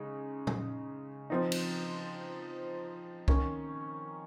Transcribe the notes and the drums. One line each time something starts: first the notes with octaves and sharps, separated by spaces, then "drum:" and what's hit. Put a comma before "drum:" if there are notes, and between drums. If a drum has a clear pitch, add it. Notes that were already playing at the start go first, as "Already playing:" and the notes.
Already playing: C#3 G#3 D#4
drum: tom
F3 C4 D#4
drum: cymbal
D#3 A#3 C#4, drum: kick C2